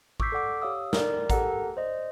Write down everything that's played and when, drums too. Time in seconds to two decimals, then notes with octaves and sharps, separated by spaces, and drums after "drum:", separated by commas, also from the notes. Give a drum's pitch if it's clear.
0.20 C#6 D6 E6 G6 B6 C7, drum: kick A1
0.32 A4 D5 F#5 D6
0.61 G4 C#5 F5 D#6 E6
0.93 A#4 D5, drum: snare
1.30 G4 A4 A#4 F#5 A#5, drum: kick A1, hi-hat
1.77 C5 D5 D#5